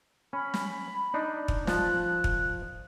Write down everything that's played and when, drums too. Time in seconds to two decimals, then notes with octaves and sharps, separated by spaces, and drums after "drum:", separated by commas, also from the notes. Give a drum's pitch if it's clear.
0.33 C#4 B5
0.54 drum: snare
1.14 D4 D#4
1.48 drum: kick
1.67 F3 A5 F#6, drum: snare
2.24 drum: kick